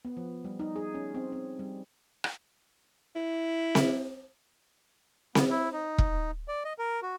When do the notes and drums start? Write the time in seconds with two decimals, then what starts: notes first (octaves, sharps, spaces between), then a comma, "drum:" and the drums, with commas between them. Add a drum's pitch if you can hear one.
0.05 B3
0.17 F3
0.45 G3
0.59 D#4
0.76 G#4
0.95 C#4
1.15 C4
1.32 C4
1.59 G3
2.24 drum: rim click
3.16 E4
3.75 drum: snare C4
5.35 B3, drum: snare C4
5.50 E4
5.73 D#4
5.98 drum: kick E1
6.48 D5
6.64 D#5
6.78 A#4
7.02 F#4